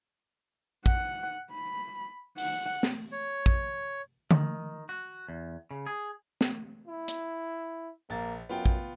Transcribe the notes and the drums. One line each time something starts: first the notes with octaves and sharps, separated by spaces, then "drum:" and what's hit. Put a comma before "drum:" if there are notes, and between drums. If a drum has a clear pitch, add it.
F#5, drum: kick
B5
F#5, drum: open hi-hat
drum: snare
C#5
drum: kick
D#3, drum: tom D3
F#4
E2
C#3
G#4
drum: snare
E4
drum: hi-hat
A#1 A#3 A6
F#2 B3 F4 G5
drum: kick